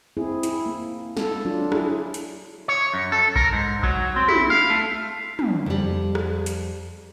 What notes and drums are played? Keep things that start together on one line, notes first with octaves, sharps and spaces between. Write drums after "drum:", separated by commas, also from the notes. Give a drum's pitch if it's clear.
C4 E4 G#4
E4, drum: hi-hat
A#3
A4, drum: snare
F#3 D4 F4
D4 E4 G#4, drum: rim click
drum: hi-hat
C#5
F#2
A4
A#4, drum: kick A#1
G#2
F#3, drum: kick A#1
C4
E4, drum: tom
F5
A3
drum: tom
F2 G3
drum: rim click
drum: hi-hat